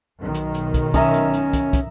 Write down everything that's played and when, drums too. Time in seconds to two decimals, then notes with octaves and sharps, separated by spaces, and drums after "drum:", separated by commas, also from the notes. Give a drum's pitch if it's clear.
0.20 B1 D#3
0.35 drum: hi-hat
0.54 drum: hi-hat
0.74 drum: kick, hi-hat
0.94 C#4 E5 A#5 D#6, drum: kick, hi-hat
1.14 drum: hi-hat
1.34 drum: hi-hat
1.53 drum: kick, hi-hat
1.73 drum: kick, hi-hat